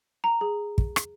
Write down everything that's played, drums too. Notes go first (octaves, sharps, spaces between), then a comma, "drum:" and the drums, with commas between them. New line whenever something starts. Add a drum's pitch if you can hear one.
A#5
G#4
drum: kick
drum: rim click